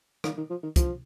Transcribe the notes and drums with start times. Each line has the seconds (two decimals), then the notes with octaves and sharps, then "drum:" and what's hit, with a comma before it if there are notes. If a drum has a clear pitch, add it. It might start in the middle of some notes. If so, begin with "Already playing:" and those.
0.24 D#3, drum: rim click
0.37 D#3
0.50 F3
0.63 D#3
0.76 F3, drum: kick, hi-hat